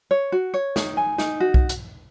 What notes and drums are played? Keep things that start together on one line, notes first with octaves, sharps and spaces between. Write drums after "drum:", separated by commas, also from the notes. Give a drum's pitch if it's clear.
C#5
F#4
C#5
D#4, drum: snare
G#5
D#4, drum: snare
F#4
drum: kick
drum: hi-hat